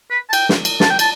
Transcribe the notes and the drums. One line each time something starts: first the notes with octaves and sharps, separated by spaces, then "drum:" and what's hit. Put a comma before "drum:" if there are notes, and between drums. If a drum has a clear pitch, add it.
B4
A5
G5, drum: cymbal
drum: snare
drum: cymbal
A5, drum: snare
G5
A5, drum: cymbal